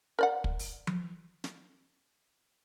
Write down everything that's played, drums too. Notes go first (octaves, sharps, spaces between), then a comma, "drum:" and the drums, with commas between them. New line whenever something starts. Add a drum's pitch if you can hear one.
A#4 D5 F#5
drum: kick
drum: open hi-hat
drum: tom F3
drum: snare